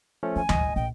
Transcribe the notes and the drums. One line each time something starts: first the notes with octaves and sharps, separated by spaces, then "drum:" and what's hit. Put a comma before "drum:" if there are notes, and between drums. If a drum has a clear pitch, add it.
F3 A3 C#4
D#3 G#5
G#1 F#3 D#5, drum: tom D2
A#1 G5